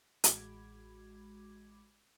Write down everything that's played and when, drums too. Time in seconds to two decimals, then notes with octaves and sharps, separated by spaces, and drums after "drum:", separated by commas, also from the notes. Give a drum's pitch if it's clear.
0.24 A1 G#3 F#4 B5 D6 G#6, drum: hi-hat